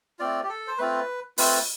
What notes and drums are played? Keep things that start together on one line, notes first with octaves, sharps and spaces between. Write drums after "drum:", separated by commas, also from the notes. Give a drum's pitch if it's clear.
A3 C4 F4 D5
G4
A4
C5
A3 C4 F4 B4
A3 C4 F4 B4, drum: open hi-hat